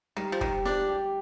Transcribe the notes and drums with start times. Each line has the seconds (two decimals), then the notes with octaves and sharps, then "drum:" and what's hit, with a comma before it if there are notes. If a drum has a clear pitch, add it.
0.17 D#3 G3
0.32 F3
0.41 D#3 G4, drum: kick
0.65 D4 G4, drum: snare
0.89 G4